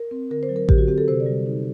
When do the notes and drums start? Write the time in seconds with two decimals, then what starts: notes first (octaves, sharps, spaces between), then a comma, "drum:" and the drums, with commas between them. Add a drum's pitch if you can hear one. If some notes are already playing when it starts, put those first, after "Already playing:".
Already playing: A#4
0.11 C4
0.31 D3 A#4
0.43 C5
0.49 F#3
0.56 A#4
0.69 D3 G4, drum: kick A1
0.78 F#4
0.88 C4 G4
0.98 A4
1.08 C3 C5
1.20 D5
1.26 G3
1.46 D#4